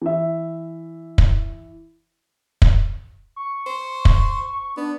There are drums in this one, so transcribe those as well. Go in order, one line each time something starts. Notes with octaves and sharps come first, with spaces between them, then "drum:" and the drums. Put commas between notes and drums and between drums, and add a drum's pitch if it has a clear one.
E3 E5
drum: kick
drum: kick
C#6
C5
drum: kick
B3 D4